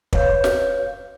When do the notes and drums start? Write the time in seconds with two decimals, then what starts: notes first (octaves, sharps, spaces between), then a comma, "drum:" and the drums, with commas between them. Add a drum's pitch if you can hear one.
0.13 B4 C#5 F5 G6, drum: kick
0.44 drum: snare